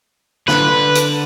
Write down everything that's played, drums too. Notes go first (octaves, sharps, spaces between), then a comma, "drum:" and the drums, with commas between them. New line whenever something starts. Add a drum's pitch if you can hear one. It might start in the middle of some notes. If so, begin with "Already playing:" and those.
D3 B4, drum: snare
drum: hi-hat